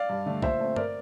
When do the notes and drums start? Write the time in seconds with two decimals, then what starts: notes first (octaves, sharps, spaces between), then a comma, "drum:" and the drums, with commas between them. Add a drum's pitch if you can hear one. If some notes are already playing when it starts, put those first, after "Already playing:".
Already playing: D5 F5
0.09 G2
0.26 D3 A3 D4
0.42 A#2 C5 E5, drum: kick B1
0.60 A3 C4
0.76 A#4 D5, drum: tom G2